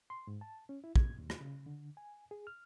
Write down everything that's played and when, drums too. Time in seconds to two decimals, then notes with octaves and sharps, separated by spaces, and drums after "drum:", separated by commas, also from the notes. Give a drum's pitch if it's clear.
0.10 C6
0.27 G#2
0.41 A5
0.69 C#4
0.84 E4
0.96 G#6, drum: kick
1.18 D#2
1.30 drum: rim click
1.41 C#3
1.66 D3
1.97 G#5
2.31 G#4
2.47 F6